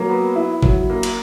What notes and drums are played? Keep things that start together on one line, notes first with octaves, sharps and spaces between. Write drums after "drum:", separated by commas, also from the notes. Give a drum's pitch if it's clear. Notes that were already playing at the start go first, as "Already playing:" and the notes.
Already playing: F#3 A#3 A#4
B3
E4
F#3, drum: kick
A#3
drum: cymbal